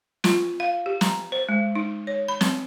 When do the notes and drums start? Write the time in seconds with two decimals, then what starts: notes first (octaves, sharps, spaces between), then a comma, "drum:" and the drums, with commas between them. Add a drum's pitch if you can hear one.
0.24 F4, drum: snare
0.60 F5
0.86 G4
1.01 A#5, drum: snare
1.32 C5
1.49 G#3
1.75 D#4
2.07 C#5
2.28 B5
2.41 C4, drum: snare